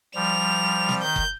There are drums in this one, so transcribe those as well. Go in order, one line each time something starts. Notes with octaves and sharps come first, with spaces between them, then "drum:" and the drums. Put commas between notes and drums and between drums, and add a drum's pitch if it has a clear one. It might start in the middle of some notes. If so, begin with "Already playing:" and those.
F3 G3 F7
drum: snare
D#3 G6
drum: kick F#1